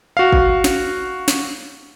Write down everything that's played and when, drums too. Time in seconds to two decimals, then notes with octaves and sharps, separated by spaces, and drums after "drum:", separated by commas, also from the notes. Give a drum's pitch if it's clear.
0.17 F#4 F5
0.33 drum: kick
0.64 drum: snare
1.28 drum: snare